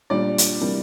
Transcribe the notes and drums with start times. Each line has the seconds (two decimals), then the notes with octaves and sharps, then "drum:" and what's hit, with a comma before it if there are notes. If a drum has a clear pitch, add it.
0.10 A#2 G3 D4 D5
0.38 drum: hi-hat
0.60 C3 E3 G3 A#3